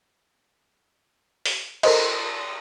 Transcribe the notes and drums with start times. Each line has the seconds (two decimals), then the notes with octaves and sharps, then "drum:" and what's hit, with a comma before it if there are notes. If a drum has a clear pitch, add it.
1.46 drum: open hi-hat
1.83 A4 A#4 C5 D#5, drum: cymbal